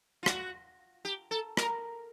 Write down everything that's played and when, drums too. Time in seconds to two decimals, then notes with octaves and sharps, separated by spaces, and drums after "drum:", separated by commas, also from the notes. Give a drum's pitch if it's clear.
0.23 F4
0.26 F#4, drum: rim click
1.05 G4
1.31 A4
1.57 A#4, drum: rim click